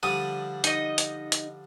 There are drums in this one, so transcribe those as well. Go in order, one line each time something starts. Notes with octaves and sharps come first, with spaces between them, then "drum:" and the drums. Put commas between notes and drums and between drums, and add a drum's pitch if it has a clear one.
D3 F3 G3 D#6
D#4 D#5, drum: hi-hat
drum: hi-hat
drum: hi-hat